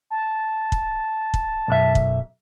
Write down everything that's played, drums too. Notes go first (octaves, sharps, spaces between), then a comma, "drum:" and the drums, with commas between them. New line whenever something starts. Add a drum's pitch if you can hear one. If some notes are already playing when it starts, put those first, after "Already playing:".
A5
drum: kick
drum: kick
B1 F#2 E5
drum: kick